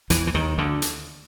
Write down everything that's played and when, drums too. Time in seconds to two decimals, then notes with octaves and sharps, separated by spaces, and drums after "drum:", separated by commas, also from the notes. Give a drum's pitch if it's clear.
0.10 E2 E3, drum: hi-hat
0.27 E3
0.34 D#2 D#3
0.58 D2 D3
0.82 drum: hi-hat